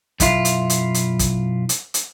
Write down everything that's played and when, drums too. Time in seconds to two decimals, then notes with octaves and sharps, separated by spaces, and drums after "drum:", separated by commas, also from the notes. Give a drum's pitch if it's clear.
0.20 B1 F#2 E4 F4, drum: kick, hi-hat
0.45 drum: hi-hat
0.70 drum: hi-hat
0.94 drum: hi-hat
1.19 drum: kick, hi-hat
1.69 drum: hi-hat
1.94 drum: hi-hat